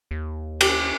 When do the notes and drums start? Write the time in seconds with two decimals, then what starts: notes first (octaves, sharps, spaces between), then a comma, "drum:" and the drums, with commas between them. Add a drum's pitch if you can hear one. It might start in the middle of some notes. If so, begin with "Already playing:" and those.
0.11 D#2
0.61 C#4 G4 D6, drum: cymbal